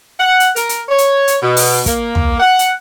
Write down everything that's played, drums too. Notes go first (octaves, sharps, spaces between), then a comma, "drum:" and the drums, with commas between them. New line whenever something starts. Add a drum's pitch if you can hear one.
F#5
drum: hi-hat
A#4, drum: hi-hat
drum: hi-hat
C#5
drum: hi-hat
drum: hi-hat
B2
drum: open hi-hat
A#3, drum: kick, hi-hat
drum: tom
F#5
drum: hi-hat